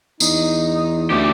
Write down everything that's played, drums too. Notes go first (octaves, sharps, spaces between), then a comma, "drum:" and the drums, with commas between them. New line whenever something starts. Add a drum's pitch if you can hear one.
E2 D#4, drum: tambourine
D2 A3 G4